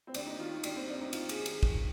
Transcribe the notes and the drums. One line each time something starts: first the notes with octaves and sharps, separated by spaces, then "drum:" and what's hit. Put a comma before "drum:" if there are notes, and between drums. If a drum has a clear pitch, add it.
C4
D#2 D4, drum: cymbal
D#4
D#3 F4
D#2 D4, drum: cymbal
C4
D#3 D4
D#4
D#2 F4, drum: cymbal
G#4, drum: cymbal
D#3
G#4, drum: cymbal
D#2, drum: kick